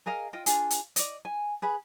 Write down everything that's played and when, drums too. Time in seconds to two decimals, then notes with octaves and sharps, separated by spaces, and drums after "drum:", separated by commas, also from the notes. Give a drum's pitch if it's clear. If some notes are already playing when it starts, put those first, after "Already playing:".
0.06 G#4 A#4 D#5 F5
0.33 F4 D#5 G5
0.46 D4 F4 G#4, drum: hi-hat
0.70 drum: hi-hat
0.96 D5 D#5, drum: hi-hat
1.25 G#5
1.62 G#4 B4 B5